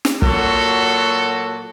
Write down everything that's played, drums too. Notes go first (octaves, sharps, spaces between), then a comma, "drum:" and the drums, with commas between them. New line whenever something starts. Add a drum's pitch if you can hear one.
drum: snare
A#2 F#3 F#4 A4, drum: kick